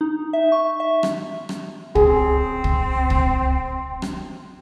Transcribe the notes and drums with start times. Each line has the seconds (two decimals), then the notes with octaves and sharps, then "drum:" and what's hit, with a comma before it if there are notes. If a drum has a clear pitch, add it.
0.01 D#4
0.33 E5
0.52 C#6
0.80 E5
1.03 drum: rim click
1.49 drum: rim click
1.95 C4 G#4, drum: kick
2.64 drum: kick
3.10 drum: kick
4.02 drum: rim click